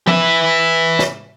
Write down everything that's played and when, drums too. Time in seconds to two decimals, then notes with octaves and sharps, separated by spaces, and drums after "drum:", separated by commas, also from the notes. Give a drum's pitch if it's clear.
0.07 B4 E5, drum: tom F3
0.99 drum: snare